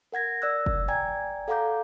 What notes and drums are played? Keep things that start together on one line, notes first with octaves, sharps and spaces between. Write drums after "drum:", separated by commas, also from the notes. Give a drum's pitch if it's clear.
A#4 F#5 G#6 A#6
D5 E6 F#6
drum: kick
D5 G5 G#5 A#5 G#6
A4 F5 F#5 A#5 D6 G6